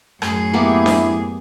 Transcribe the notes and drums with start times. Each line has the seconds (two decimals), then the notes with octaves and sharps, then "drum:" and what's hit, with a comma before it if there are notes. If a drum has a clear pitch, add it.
0.22 F#2 A2 G#4, drum: rim click
0.54 A#3 B3 E4 G4
0.86 drum: snare D4